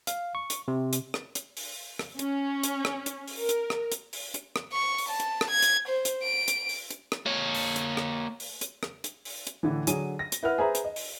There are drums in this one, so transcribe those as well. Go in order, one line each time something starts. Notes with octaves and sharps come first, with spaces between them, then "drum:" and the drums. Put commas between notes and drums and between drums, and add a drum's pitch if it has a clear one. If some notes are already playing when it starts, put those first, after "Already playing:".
F5, drum: hi-hat
C#6
drum: hi-hat
C3
drum: hi-hat
drum: rim click
drum: hi-hat
drum: open hi-hat
drum: rim click
C#4, drum: hi-hat
drum: hi-hat
drum: rim click
drum: hi-hat
drum: open hi-hat
A#4
drum: hi-hat
drum: rim click
drum: hi-hat
drum: open hi-hat
drum: hi-hat
drum: rim click
C#6
drum: open hi-hat
A5
drum: hi-hat
drum: rim click
G#6
drum: hi-hat
C5
drum: hi-hat
D7
drum: hi-hat
drum: open hi-hat
drum: hi-hat
drum: rim click
A#3 C#5
drum: open hi-hat
drum: hi-hat
drum: rim click
drum: open hi-hat
drum: hi-hat
drum: rim click
drum: hi-hat
drum: open hi-hat
drum: hi-hat
A2 D3 E3
D3 F#3 G#4 D#7, drum: hi-hat
A#6
drum: hi-hat
E4 B4 F#5 F6
G#4 B4 C5 E5 A#5
drum: hi-hat
D#5
drum: open hi-hat